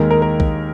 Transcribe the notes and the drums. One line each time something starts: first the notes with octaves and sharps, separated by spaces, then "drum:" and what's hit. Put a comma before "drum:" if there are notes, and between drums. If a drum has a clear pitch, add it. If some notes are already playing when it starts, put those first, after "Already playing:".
Already playing: D#2 D#3 G#3 A#4
A#4
A#4
drum: kick B1